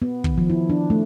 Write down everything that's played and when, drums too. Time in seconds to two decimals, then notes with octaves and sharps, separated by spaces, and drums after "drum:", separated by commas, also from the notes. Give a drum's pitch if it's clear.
0.02 B3
0.24 D#3, drum: kick
0.38 F3
0.50 E4
0.69 D4
0.90 A3